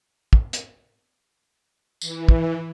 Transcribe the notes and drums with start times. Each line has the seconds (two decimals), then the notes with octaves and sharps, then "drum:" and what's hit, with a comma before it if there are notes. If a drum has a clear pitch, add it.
0.33 drum: kick
0.53 drum: hi-hat
2.02 E3, drum: tambourine
2.29 drum: kick